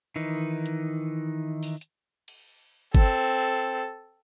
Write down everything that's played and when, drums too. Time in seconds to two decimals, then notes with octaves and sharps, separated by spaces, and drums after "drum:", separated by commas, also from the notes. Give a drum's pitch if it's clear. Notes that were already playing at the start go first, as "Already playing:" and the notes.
0.16 D#3 E3 D#4
0.66 drum: hi-hat
1.63 drum: open hi-hat
1.81 drum: hi-hat
2.28 drum: cymbal
2.95 C4 A4, drum: kick G1